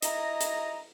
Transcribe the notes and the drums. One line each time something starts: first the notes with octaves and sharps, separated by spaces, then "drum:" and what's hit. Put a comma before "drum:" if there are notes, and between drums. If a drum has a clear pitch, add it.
E4 D#5 A#5, drum: hi-hat
drum: hi-hat